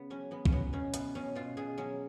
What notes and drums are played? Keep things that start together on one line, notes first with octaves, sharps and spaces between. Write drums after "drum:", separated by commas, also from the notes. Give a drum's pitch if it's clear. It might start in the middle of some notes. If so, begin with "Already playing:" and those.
Already playing: C#3 B3
F#3 C#4
F#3 B3
C#4, drum: kick
F#3 B3
B2 C#4
B2 B3, drum: hi-hat
B2 C#4
B2 F4
B2 G#4
F#3 C#4